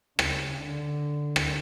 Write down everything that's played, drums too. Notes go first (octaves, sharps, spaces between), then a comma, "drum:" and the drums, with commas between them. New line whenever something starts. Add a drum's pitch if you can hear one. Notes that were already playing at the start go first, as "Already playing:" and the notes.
C#3, drum: rim click
D3
drum: rim click